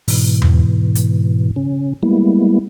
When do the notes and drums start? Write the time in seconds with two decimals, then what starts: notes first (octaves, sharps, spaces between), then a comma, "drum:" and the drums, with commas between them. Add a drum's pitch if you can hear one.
0.08 G#2 B2 E3, drum: open hi-hat
0.42 drum: tom E2
0.95 drum: hi-hat
1.56 C#3 C#4
2.03 G3 G#3 A#3 B3 E4